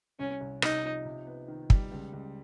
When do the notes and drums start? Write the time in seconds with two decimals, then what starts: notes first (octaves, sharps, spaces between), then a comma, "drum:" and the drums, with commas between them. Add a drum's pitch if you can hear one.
0.19 C2 C#4
0.41 C2
0.62 C3 D#4, drum: rim click
0.84 F3
1.05 C3
1.27 B3
1.48 D#3
1.70 G3, drum: kick
1.91 C#2
2.13 C#2